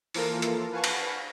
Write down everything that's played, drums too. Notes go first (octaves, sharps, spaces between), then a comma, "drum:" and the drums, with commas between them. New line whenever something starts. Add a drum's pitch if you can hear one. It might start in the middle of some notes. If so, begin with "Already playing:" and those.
E3 F3 A#3 F4 A4 A#4, drum: open hi-hat
drum: hi-hat
B4 F5 F#5 G#5 A5 C#6
drum: cymbal